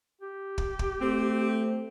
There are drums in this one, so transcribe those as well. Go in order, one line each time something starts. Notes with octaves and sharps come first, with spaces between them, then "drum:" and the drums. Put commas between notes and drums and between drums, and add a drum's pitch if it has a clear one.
G4
drum: kick
drum: kick
A3 C4